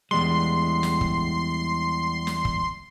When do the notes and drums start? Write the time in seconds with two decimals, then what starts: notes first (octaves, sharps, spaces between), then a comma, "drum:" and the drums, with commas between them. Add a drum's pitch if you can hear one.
0.11 E2 G3 G#3 C6
0.83 drum: snare
1.01 drum: kick
2.27 drum: snare
2.45 drum: kick